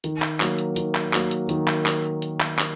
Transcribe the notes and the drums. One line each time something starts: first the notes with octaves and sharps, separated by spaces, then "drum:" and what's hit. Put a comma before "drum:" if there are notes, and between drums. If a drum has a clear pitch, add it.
D#3, drum: hi-hat
drum: clap
F#3 A#3, drum: clap
drum: hi-hat
D#3, drum: hi-hat
drum: clap
F#3 A#3, drum: clap
drum: hi-hat
D#3, drum: hi-hat
drum: clap
drum: clap
drum: hi-hat
drum: clap
drum: clap